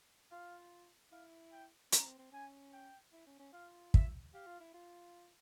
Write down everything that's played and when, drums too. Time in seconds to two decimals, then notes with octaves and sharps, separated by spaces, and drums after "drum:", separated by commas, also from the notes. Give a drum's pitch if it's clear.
0.31 F4 F5
1.12 E4 F5
1.52 G5
1.92 C#4 A#5, drum: hi-hat
2.05 C4
2.19 C4
2.32 C#4 G#5
2.73 G5
3.13 E4
3.27 C#4
3.39 C#4
3.53 F4 F5
3.94 E5, drum: kick
4.34 G4 F5
4.47 F4
4.60 E4
4.74 F4